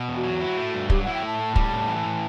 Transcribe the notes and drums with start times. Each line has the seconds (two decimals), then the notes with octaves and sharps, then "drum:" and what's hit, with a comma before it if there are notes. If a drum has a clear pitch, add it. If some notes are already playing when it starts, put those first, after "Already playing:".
Already playing: B2
0.08 E2
0.16 F#4
0.24 F#3
0.41 E4
0.57 A3
0.74 G2
0.90 F#3 G4, drum: kick
1.03 E4 F#5
1.14 G5
1.23 A3 A5
1.39 A2
1.56 G3, drum: kick
1.73 A2
1.88 E3
2.06 A2